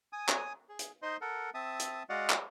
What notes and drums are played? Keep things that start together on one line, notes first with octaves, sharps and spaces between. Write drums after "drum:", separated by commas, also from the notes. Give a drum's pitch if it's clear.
G#5 D#6
drum: clap
G#4
drum: hi-hat
D#4 C5 D#5 C6
A4 A#4 F#5
C4 E5 A5 D#6
drum: hi-hat
G#3 F#4 D5 D#5 F5 F#5
drum: clap